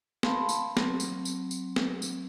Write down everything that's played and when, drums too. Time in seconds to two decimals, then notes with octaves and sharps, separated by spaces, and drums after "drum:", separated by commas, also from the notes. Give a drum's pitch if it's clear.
0.23 F5 A5 B5 C6, drum: snare
0.49 drum: tambourine
0.77 F#3 C4, drum: snare
1.00 drum: tambourine
1.25 drum: tambourine
1.51 drum: tambourine
1.76 drum: snare
2.02 drum: tambourine